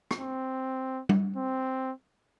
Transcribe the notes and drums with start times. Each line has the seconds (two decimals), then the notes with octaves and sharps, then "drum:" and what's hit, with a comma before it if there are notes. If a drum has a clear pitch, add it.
0.11 drum: rim click
0.20 C4
1.09 drum: tom G3
1.37 C4